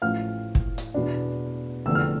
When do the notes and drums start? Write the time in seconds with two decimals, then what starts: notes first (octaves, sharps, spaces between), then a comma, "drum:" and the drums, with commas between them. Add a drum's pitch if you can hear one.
0.02 A1 A2 F3 F5 F6
0.55 drum: kick
0.78 drum: hi-hat
0.94 E2 B2 B3 D4
1.86 F1 E2 D3 F3 A3 E6
1.95 F6